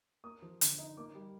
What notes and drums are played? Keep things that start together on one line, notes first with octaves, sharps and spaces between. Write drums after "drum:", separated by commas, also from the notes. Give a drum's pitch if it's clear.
A#3 D#6
F3
D3, drum: hi-hat
D#4
A#3 D6
G3